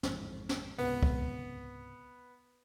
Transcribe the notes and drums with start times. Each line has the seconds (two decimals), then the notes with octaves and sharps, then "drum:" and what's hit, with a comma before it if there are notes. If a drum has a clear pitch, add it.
0.03 A1 F2 G#2, drum: snare
0.49 drum: snare
0.78 C#2 G#2 C3 B3, drum: open hi-hat
1.03 drum: kick